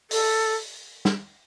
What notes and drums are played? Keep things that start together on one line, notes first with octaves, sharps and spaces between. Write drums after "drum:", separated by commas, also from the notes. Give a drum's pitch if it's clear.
A4, drum: open hi-hat
drum: snare